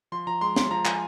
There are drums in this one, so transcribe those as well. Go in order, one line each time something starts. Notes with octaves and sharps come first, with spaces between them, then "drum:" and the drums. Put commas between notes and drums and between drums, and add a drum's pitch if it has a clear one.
F3 C6
F3 A#5
G#3 C6
F4 C6, drum: snare
F3 A#5
F3 G#5, drum: clap